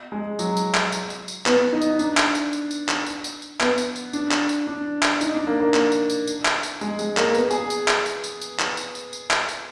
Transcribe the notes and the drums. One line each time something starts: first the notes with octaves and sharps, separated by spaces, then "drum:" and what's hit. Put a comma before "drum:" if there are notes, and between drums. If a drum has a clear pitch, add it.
G#3
F#3, drum: tambourine
drum: tambourine
drum: clap
drum: tambourine
drum: tambourine
drum: tambourine
B3, drum: clap
D#4
drum: tambourine
D#4
D4, drum: tambourine
drum: clap
drum: tambourine
drum: tambourine
drum: tambourine
drum: clap
drum: tambourine
drum: tambourine
drum: tambourine
B3, drum: clap
drum: tambourine
drum: tambourine
D4, drum: tambourine
drum: clap
drum: tambourine
D4
drum: clap
D#4, drum: tambourine
D4
A#3
A#3
drum: clap
drum: tambourine
drum: tambourine
drum: tambourine
drum: clap
drum: tambourine
G#3, drum: tambourine
G#3, drum: tambourine
A#3, drum: clap
B3, drum: tambourine
G#4, drum: tambourine
drum: tambourine
drum: clap
drum: tambourine
drum: tambourine
drum: tambourine
drum: clap
drum: tambourine
drum: tambourine
drum: tambourine
drum: clap
drum: tambourine